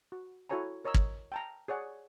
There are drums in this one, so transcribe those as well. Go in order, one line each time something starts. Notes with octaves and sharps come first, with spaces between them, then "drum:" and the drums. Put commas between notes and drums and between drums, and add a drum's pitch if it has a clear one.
F#4
E4 F#4 A4 C#5 G#5 A#5
A#4 C#5 D#5 A#5 E6
drum: kick
G5 A5 A#5
G#4 C#5 D5 F#5